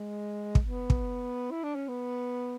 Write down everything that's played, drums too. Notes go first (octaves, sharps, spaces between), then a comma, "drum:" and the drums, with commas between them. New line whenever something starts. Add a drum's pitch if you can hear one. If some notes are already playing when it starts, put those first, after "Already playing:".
Already playing: G#3
drum: kick
B3
drum: kick
E4
D4
C#4
B3